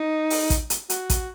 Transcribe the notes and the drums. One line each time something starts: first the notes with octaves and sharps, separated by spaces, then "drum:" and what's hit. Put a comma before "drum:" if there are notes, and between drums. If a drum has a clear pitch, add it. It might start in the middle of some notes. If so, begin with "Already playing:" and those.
Already playing: D#4
drum: open hi-hat
drum: kick, hi-hat
drum: hi-hat
F#4, drum: hi-hat
drum: kick, hi-hat